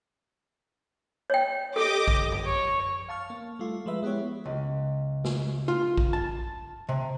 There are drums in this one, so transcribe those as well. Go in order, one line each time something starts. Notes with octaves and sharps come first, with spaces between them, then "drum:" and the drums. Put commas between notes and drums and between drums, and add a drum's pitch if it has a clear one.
C#5 G5
G4 A4 D#5 D6
drum: kick A#1
drum: tom F#2
C#5
F5 A5 C#6 F6
A#3
G3 A3 F4
F3 G#3 B4 E5
G#3 B3 E4 G4 C#5
C#2
drum: snare
F4
drum: kick A#1
A5
C3